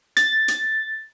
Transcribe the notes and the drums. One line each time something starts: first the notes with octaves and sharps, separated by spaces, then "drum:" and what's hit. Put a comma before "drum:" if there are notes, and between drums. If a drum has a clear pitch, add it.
A6, drum: hi-hat
drum: hi-hat